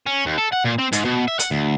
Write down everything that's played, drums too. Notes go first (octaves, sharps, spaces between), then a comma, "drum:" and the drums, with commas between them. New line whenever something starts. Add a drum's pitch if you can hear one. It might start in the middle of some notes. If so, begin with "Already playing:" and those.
C#4
D#2
A4
F#5
A#2
C4
G#2, drum: hi-hat
B2
E5
F#5, drum: hi-hat
D2